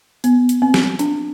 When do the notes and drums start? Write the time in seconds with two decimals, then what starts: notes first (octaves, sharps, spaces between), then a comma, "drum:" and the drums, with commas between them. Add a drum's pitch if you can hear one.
0.24 B3, drum: hi-hat
0.49 drum: hi-hat
0.62 C4
0.74 drum: snare
0.99 D4, drum: hi-hat